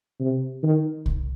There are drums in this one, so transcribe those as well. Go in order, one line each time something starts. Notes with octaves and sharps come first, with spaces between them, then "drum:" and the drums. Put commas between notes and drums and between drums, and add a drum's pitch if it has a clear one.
C3
D#3
drum: kick C2